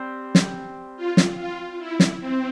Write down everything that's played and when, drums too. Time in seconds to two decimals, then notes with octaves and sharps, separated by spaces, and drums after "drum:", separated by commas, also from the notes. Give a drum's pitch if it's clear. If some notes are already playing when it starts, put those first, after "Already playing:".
Already playing: G3 C4
0.35 drum: snare
0.97 F4
1.17 drum: snare
1.38 F4
1.79 E4
2.00 drum: snare
2.20 C4